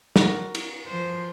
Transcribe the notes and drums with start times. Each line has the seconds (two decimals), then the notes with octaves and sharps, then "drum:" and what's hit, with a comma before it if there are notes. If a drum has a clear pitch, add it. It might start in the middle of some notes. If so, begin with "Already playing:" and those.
0.16 F#4 A#4, drum: snare
0.55 drum: cymbal
0.88 F3 C5